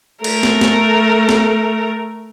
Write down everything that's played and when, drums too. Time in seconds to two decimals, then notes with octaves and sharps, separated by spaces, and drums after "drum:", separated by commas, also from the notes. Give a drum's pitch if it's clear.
0.24 A3 A#4, drum: cymbal
0.43 drum: snare
0.61 drum: snare
1.29 drum: snare